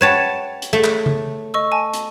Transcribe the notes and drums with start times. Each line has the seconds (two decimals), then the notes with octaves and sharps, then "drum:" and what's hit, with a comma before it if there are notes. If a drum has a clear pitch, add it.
0.01 B4 C#5 F#5 G5 A5 E7
0.62 drum: hi-hat
0.73 A3
0.84 drum: clap
1.06 drum: tom C#3
1.54 D#5 C#6 E6
1.72 G#5 A5
1.94 drum: hi-hat